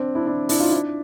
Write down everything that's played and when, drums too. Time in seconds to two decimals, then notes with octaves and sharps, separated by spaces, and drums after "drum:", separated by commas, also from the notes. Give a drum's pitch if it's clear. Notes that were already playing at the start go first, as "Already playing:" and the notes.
Already playing: C4 D4
0.15 D4 E4
0.27 D4 E4
0.49 D4 E4, drum: open hi-hat
0.60 D#4 F4
0.71 D4 E4